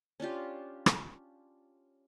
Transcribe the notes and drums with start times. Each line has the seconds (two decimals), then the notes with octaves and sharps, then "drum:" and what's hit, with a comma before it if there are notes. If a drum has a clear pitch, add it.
0.20 C#4 D4 F4 G4
0.86 drum: rim click